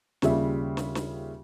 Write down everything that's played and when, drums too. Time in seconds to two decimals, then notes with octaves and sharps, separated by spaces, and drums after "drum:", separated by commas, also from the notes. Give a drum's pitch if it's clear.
0.22 D#2 C#3 G3 F4 E5, drum: snare
0.77 drum: snare
0.95 drum: snare